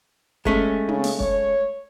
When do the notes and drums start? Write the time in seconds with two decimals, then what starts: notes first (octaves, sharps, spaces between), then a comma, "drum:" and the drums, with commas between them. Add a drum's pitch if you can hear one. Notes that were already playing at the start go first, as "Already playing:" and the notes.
0.45 G#3 A3 C#4, drum: kick
0.88 C#3, drum: tom
1.04 drum: open hi-hat
1.20 C#5, drum: kick